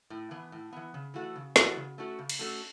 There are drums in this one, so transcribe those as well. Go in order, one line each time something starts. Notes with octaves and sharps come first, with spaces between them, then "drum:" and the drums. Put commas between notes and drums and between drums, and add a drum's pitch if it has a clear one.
A2
E3 B3
A2
E3 B3
C#3
E3 A3 F#4 A4
C#3
E3 A3 F#4 A4, drum: snare
C#3
A3 C#4 F#4 A4
C#3
drum: cymbal
A3 C#4 F#4 A4